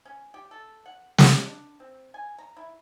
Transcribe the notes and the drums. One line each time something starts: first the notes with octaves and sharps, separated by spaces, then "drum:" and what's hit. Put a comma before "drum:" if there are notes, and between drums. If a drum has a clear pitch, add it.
C#4
G4
A4
F#5
D#5, drum: snare
D4
C4
G#5
A#5
E4